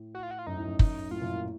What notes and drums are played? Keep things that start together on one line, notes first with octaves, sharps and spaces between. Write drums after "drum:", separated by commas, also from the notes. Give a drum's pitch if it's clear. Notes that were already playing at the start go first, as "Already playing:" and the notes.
Already playing: A2
F#4
F4
F#4
F4
F#2 D#4
A2
F#2
D#4, drum: kick
A2 F4
F#2 A#2
A2